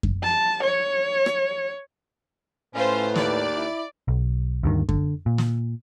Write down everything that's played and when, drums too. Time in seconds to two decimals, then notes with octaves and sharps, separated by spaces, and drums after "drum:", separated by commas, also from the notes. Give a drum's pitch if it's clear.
0.03 drum: kick F#2
0.23 A5
0.63 C#5
1.26 drum: rim click
2.75 A2 C#4 F4 B4 C5
3.16 D#2 D5, drum: snare
3.56 E4
4.08 B1
4.63 D2 G2 D#3
4.89 D3, drum: kick F#2
5.26 A#2
5.38 drum: snare